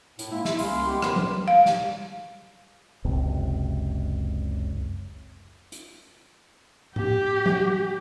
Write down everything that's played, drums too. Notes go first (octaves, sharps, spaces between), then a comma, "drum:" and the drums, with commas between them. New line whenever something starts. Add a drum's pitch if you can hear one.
A2, drum: hi-hat
G#3 A#3 E4
E5, drum: snare
C2 A#3 C#4 F5 B5 C6, drum: open hi-hat
G#3 B3 G4
A#2 D#3 A#4 B4 C6, drum: rim click
drum: tom F#3
F5
drum: snare
F#1 C#2 C3
drum: hi-hat
G4, drum: tom A2
drum: tom F#3